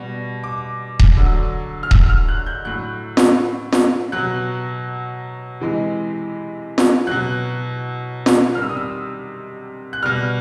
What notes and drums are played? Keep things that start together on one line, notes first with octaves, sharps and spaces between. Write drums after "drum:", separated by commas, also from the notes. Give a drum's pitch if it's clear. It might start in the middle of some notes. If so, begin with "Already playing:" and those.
Already playing: B2 G3 C#6
D6
drum: kick D#1
D3 F#3
F6
E6, drum: kick D#1
F6
F#6
G6
A2 F#3 F#6
drum: snare
drum: snare
B2 F#3 F#6
C3 E3 G#3
drum: snare
B2 F#3 F#6
drum: snare
C3 D#3 G3 F6
E6
D#6
E6
F#6
B2 G3 F6